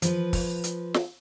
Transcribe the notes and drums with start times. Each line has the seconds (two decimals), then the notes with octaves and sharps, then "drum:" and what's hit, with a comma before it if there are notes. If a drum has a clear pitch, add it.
0.02 F3 B4, drum: hi-hat
0.33 drum: kick, open hi-hat
0.64 drum: hi-hat
0.94 drum: snare